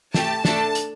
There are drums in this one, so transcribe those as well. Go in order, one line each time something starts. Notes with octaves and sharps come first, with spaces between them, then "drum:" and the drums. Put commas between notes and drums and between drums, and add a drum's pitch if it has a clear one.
A3 G4 A5, drum: snare
A3 D4 A4 A5, drum: snare
drum: hi-hat